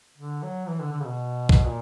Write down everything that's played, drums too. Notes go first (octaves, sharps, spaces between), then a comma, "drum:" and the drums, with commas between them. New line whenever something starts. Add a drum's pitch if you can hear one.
D3
F#3
E3
D3
D3
C#3
B2
drum: kick B1
A#2